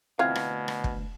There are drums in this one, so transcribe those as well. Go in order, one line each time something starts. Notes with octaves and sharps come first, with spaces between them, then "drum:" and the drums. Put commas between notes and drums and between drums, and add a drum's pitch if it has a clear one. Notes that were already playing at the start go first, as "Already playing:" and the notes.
D2 B2 E3 C4 F4 F5 F6 G#6
drum: rim click
drum: rim click
drum: kick